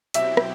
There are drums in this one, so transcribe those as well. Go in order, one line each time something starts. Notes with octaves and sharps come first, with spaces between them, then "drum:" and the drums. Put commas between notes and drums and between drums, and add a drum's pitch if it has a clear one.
B2 F#3 C4 E4 G4 E5, drum: hi-hat
drum: rim click